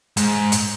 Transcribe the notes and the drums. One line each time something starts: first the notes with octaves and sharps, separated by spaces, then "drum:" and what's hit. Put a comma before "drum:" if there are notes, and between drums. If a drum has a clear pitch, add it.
G#2, drum: hi-hat
drum: hi-hat